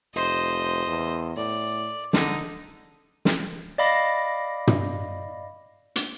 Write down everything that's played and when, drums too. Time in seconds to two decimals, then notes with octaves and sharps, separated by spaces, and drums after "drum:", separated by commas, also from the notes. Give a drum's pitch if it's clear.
0.14 F1 C5 D#5
0.87 E2
1.37 A2 D5
2.13 D3 D#4, drum: snare
3.25 drum: snare
3.78 D5 D#5 F5 B5 D6 A#6
4.67 drum: tom
5.96 drum: hi-hat